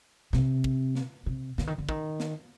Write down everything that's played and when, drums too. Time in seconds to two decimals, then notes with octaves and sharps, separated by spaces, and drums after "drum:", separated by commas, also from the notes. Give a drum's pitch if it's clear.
0.33 C3, drum: snare
0.64 drum: kick
0.95 drum: snare
1.26 C3
1.58 D3, drum: snare
1.67 D#3
1.78 D3
1.89 D#3, drum: kick
2.20 drum: snare